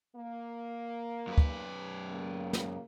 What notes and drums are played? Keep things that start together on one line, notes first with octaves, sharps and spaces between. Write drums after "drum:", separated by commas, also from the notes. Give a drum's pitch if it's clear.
A#3
F#2 B4
drum: kick
C#3 A#3
drum: snare